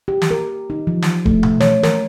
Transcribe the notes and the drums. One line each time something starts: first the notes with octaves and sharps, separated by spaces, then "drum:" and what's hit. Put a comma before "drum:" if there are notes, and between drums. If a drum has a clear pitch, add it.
G4
drum: snare
A#4
D#4
F3
drum: snare
A3, drum: kick D#1
drum: tom B2
C#5, drum: snare
A#4, drum: snare